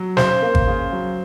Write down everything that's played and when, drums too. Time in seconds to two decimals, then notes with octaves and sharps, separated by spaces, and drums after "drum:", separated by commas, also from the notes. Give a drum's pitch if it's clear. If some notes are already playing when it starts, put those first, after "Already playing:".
Already playing: F#3
0.17 C#3 C5, drum: snare
0.42 A#3
0.55 drum: kick G#1
0.67 C#3
0.92 F#3